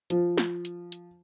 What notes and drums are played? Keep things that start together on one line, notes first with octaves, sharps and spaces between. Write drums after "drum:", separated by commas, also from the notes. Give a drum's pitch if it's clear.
F3, drum: hi-hat
drum: snare
drum: hi-hat
drum: hi-hat